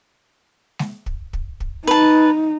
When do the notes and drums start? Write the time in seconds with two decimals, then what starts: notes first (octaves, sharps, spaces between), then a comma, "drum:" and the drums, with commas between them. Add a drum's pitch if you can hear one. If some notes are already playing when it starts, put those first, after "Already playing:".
0.79 drum: snare G#3
1.06 drum: kick
1.33 drum: kick
1.60 drum: kick
1.87 D#4 B4 A5